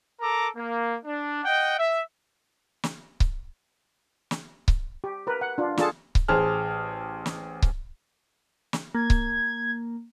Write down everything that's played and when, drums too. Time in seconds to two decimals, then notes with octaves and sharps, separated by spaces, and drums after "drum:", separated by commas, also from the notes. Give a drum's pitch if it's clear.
0.20 A4 A#4 A#5 D6
0.56 A#3
1.05 D4
1.44 D#5 F#5 G5
1.78 E5
2.84 drum: snare
3.20 drum: kick C#1
4.31 drum: snare
4.68 drum: kick C#1
5.04 G4
5.27 A#4 B4
5.41 F#5
5.58 D4 F4
5.77 D4 F4 G#4 A4 A5, drum: snare
6.15 drum: kick C#1
6.28 A1 G#4 C5 A5 F6
7.26 drum: snare
7.62 drum: kick C#1
8.73 drum: snare
8.95 A#3 G#6
9.10 drum: kick C#1